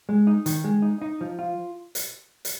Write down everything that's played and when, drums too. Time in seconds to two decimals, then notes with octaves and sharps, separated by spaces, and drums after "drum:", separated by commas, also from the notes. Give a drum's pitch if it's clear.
0.09 G#3
0.27 D#4
0.46 D#3, drum: hi-hat
0.64 G#3
0.82 D#4
1.02 D#4
1.21 F3
1.39 F4
1.95 drum: hi-hat
2.45 drum: hi-hat